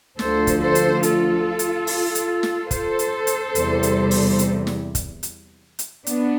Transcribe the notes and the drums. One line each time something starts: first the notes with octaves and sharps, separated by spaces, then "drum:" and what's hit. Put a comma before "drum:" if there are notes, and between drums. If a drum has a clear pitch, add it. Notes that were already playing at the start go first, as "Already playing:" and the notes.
D2 D3 F3 A4 C5, drum: snare
drum: kick, hi-hat
A4 C5
drum: hi-hat
F4 A4, drum: hi-hat
drum: hi-hat
drum: open hi-hat
drum: hi-hat
drum: snare
A4 C5, drum: kick, hi-hat
drum: hi-hat
drum: hi-hat
E2 C3 G3, drum: hi-hat
drum: hi-hat
drum: open hi-hat
drum: hi-hat
drum: snare
drum: kick, hi-hat
drum: hi-hat
drum: hi-hat
B3 D4, drum: hi-hat